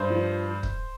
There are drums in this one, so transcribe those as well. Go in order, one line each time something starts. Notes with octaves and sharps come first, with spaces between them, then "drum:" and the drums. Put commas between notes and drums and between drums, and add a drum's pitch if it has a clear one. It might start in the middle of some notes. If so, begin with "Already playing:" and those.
Already playing: G2 C5
F3
drum: kick